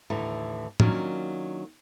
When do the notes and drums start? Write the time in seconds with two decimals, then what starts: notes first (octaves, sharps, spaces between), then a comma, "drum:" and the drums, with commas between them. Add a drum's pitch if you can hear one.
0.10 D#2 A2 D3 E3
0.80 D#3 F#3 A#3 C#4 D4 F4, drum: tom